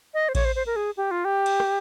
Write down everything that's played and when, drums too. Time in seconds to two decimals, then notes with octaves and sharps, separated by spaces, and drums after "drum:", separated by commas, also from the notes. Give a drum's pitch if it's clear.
0.14 D#5
0.29 C5
0.35 C#5, drum: kick A1, cymbal
0.45 C5
0.56 C5
0.66 A#4
0.76 G#4
0.97 G4
1.11 F4
1.25 G4
1.46 drum: cymbal
1.60 drum: rim click